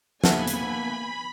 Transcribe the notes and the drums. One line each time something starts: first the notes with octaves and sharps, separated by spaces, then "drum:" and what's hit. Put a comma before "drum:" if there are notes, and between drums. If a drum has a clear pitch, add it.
A#3 B3 A4 E5 F#5 G#5 B5, drum: snare
drum: hi-hat